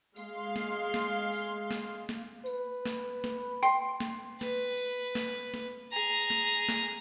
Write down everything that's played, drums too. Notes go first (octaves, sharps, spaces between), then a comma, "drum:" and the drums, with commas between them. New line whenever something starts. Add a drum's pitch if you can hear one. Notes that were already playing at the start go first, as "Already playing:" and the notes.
G#3 F5 C6, drum: tambourine
drum: snare
drum: snare
drum: tambourine
drum: snare
drum: snare
B4, drum: tambourine
drum: snare
drum: snare
G5 C6, drum: tambourine
drum: snare
B4, drum: snare
drum: tambourine
drum: snare
drum: snare
G#4 A#5, drum: tambourine
drum: snare
drum: snare